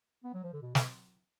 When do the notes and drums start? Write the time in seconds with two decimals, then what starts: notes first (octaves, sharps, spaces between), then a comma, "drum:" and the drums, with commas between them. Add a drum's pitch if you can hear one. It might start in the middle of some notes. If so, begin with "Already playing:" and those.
0.24 B3
0.34 F#3
0.44 F3
0.53 D3
0.62 B2
0.75 D3, drum: snare